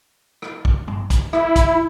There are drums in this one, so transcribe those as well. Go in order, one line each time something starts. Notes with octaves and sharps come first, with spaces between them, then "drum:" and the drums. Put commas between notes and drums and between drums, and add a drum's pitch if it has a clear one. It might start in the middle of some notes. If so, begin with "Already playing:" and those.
drum: rim click
drum: kick
drum: tom
drum: kick, hi-hat
E4, drum: rim click
drum: kick, hi-hat